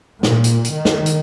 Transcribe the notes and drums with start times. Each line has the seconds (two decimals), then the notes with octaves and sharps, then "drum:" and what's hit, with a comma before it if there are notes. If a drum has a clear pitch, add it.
0.23 A#2, drum: snare
0.44 drum: hi-hat
0.65 drum: hi-hat
0.75 D#3
0.85 drum: snare
1.06 drum: hi-hat